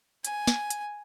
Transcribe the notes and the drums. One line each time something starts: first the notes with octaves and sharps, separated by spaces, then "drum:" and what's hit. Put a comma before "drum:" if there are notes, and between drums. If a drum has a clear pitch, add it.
G#5, drum: hi-hat
drum: snare
drum: hi-hat